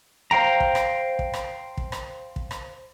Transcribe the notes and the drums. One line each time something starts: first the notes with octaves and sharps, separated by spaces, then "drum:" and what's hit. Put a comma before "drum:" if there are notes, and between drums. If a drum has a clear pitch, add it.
C5 F5 G5 A#5
drum: kick
drum: rim click
drum: kick
drum: rim click
drum: kick
drum: rim click
drum: kick
drum: rim click